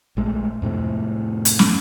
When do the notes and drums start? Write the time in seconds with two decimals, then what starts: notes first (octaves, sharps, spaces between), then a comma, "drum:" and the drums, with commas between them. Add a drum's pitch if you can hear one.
0.17 A#1 G#3 A3
0.62 F2 A2 C3 A3
1.45 drum: hi-hat
1.59 drum: snare